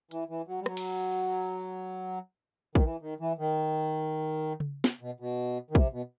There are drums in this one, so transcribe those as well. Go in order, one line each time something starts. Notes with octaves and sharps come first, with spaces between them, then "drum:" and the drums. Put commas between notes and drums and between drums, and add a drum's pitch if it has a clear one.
E3, drum: hi-hat
E3
F#3
G3
F#3, drum: rim click
drum: cymbal
D#3, drum: kick
E3
D#3
E3
D#3
drum: tom C#3
drum: snare
B2
B2
D#3
C3, drum: kick
B2